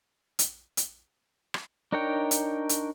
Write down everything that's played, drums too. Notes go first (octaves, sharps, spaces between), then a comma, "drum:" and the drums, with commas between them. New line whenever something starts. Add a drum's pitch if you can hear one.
drum: hi-hat
drum: hi-hat
drum: rim click
D4 D#4 A#4 C#5 G5
drum: hi-hat
drum: hi-hat